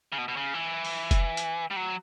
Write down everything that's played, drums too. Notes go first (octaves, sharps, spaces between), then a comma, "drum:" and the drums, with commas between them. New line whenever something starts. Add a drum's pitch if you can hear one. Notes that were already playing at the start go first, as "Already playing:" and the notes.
C#3
B2
B2
C#3
E3
drum: open hi-hat
drum: kick F1, hi-hat
drum: hi-hat
G3
F#3